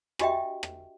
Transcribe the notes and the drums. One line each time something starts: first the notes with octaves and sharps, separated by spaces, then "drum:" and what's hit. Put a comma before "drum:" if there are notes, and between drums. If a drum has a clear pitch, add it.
D4 F#4 G4 D#5 E5 G5, drum: rim click
drum: rim click